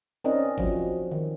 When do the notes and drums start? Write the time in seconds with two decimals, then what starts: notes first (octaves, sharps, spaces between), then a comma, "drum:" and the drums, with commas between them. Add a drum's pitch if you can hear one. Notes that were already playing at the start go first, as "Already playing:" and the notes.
0.24 C4 C#4 D#4 A#4 D5 D#5
0.58 F3 F#3, drum: kick G1
1.11 D#3